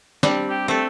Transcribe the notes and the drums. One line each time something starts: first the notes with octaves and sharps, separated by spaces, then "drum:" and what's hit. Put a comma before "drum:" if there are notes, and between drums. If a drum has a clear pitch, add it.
G3 C4 D4, drum: snare
G4
A3 C4 A4